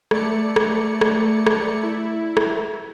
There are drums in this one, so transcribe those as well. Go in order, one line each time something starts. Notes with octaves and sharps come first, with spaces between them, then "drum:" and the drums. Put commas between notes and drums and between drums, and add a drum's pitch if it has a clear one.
A3 D5 C#7, drum: rim click
drum: rim click
drum: rim click
drum: rim click
E4
drum: rim click